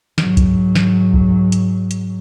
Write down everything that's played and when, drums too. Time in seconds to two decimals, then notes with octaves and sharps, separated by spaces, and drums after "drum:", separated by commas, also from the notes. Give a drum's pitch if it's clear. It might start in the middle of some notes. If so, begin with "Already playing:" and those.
0.18 G#2 F#3, drum: snare
0.37 drum: kick, hi-hat
0.75 drum: snare
1.14 drum: kick
1.52 drum: hi-hat
1.91 drum: hi-hat